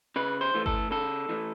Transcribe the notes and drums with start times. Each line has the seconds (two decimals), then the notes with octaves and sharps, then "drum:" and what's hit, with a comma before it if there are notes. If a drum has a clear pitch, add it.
0.16 C#3 B4
0.41 C5
0.54 E3 A3
0.66 A4, drum: kick G1
0.91 C#3 A4
1.29 E3 A3